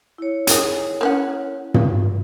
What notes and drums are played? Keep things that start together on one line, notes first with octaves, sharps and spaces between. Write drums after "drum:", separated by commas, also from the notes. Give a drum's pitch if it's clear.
E4 C#5
D#3 G#4, drum: hi-hat
A#3 C#4 F#5
drum: tom